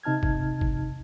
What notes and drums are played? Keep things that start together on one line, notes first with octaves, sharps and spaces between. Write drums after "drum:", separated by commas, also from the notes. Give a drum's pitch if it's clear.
C3 D#4 A5 F6 G#6
drum: kick
drum: kick